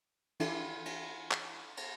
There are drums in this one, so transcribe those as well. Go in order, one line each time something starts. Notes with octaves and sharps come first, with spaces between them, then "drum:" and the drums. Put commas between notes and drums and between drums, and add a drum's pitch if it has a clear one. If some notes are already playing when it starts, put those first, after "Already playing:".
E3 D4 E4 A4 C7, drum: cymbal
drum: cymbal
drum: clap
drum: cymbal